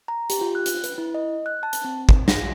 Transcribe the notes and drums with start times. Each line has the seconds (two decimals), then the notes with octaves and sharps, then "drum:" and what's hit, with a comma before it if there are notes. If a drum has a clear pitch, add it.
0.08 A#5
0.30 G4, drum: hi-hat
0.41 F4
0.55 F#6
0.66 drum: hi-hat
0.84 B4, drum: hi-hat
0.98 E4
1.14 D#5
1.46 F#6
1.63 A5
1.73 drum: hi-hat
1.85 C4
2.09 drum: kick
2.28 A#6, drum: snare